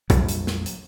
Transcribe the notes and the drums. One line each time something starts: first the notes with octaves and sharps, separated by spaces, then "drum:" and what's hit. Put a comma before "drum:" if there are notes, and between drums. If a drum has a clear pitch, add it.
A#1 F2 F#3 G3, drum: kick B1, hi-hat
drum: hi-hat
drum: snare
drum: hi-hat